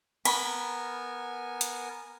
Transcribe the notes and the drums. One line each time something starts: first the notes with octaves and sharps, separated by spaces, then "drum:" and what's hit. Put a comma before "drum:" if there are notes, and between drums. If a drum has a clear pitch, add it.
B3 A#4 G#5 B5, drum: cymbal
drum: hi-hat